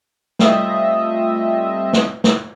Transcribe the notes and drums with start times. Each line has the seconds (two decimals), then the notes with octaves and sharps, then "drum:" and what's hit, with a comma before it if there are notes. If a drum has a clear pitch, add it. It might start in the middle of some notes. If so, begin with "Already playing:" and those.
0.39 G3 A3 C4 F4 D#5 E5, drum: snare
1.93 drum: snare
2.24 drum: snare